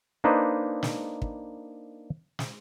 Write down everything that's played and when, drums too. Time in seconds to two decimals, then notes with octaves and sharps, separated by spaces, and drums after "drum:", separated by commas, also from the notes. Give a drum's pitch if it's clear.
0.24 A#3 D4 D#4 B4 C5 D#5
0.83 drum: snare
1.22 drum: kick
2.39 drum: snare